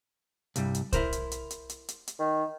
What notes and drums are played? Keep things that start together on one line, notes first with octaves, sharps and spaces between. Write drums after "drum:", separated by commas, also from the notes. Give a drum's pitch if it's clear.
C2 G2 G3, drum: hi-hat
drum: hi-hat
E4 A#4 C5, drum: kick C2, hi-hat
drum: hi-hat
drum: hi-hat
drum: hi-hat
drum: hi-hat
drum: hi-hat
drum: hi-hat
D#3